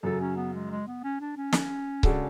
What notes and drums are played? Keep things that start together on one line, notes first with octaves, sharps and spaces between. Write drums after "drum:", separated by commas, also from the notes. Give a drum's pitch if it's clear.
F#2 C#3 F#3 A4
C#4
B3
G#3
G#3
B3
C#4
D4
C#4
drum: snare
C#3 G#3 D4 F#4 A4, drum: kick C#1